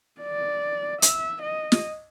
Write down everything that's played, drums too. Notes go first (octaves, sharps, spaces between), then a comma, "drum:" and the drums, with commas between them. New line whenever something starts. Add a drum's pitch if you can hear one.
D5
E5, drum: hi-hat
D#5
drum: snare